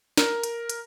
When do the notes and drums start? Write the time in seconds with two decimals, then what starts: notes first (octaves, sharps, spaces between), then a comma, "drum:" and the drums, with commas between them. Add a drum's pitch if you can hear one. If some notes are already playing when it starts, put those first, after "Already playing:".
0.17 A#4, drum: snare
0.43 drum: hi-hat
0.70 drum: hi-hat